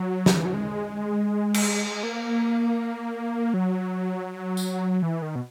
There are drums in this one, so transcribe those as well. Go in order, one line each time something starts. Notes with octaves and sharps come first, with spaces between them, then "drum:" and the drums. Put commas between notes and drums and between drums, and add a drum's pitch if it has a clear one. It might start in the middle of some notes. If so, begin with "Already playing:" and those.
Already playing: F#3
drum: snare
E3
F#3
G#3
drum: cymbal
A#3
F#3
drum: tambourine
E3
D#3
B2